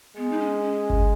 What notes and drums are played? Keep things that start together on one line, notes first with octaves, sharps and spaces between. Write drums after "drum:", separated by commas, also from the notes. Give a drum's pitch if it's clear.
G#3 B3
D#4
C#4
C#4
drum: kick G1